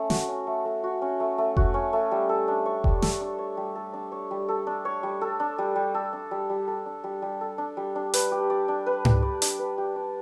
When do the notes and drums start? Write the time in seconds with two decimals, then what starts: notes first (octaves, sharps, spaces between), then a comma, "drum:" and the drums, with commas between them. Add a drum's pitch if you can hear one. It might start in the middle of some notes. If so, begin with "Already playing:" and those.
Already playing: A3 C#4
0.10 F#4, drum: snare
0.29 C#4
0.47 A3
0.65 A3
0.84 F#4
1.02 C#4
1.20 A3
1.38 A3
1.57 F#4, drum: kick F1
1.74 C#4
1.93 A3
2.11 G3
2.29 A4
2.48 D4
2.66 C#5
2.84 G3, drum: kick F1
3.02 A4, drum: snare
3.21 D4
3.39 C#5
3.57 G3
3.75 A4
3.93 D4
4.12 C#5
4.31 G3
4.49 A4
4.67 D4
4.85 C#5
5.03 G3
5.21 A4
5.40 D4
5.58 G3
5.76 G3
5.94 A4
6.13 D4
6.31 G3
6.50 G3
6.67 A4
6.86 D4
7.04 G3
7.22 G3
7.41 A4
7.58 D4
7.77 G3
7.96 D4
8.14 B4, drum: hi-hat
8.32 G4
8.50 D5
8.68 D4
8.86 B4
9.05 G4, drum: tom G#2
9.22 D5
9.42 D4, drum: hi-hat
9.59 B4
9.78 G4
9.96 D5